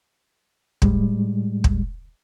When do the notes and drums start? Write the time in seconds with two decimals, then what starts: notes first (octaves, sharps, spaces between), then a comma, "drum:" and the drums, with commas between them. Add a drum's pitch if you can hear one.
0.82 A2 G3 G#3, drum: kick
1.64 drum: kick